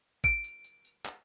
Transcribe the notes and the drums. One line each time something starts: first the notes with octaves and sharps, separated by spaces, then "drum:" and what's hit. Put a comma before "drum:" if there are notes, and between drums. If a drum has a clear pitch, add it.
D7, drum: kick, tambourine
drum: tambourine
drum: tambourine
drum: tambourine
drum: clap